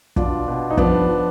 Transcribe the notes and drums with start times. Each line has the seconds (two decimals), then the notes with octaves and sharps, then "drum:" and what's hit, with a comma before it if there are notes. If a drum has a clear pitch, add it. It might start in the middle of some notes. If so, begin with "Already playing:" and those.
0.16 B2 D4 F4, drum: kick
0.48 B2
0.70 D#4
0.77 G2 F3 B3 D4, drum: kick
1.09 F3